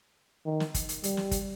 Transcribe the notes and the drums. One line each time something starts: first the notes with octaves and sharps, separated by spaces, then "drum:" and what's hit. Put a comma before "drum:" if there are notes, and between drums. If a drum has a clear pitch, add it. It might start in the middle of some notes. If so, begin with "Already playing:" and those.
D#3
drum: snare
drum: kick, hi-hat
drum: hi-hat
G3, drum: hi-hat
drum: snare
drum: kick, hi-hat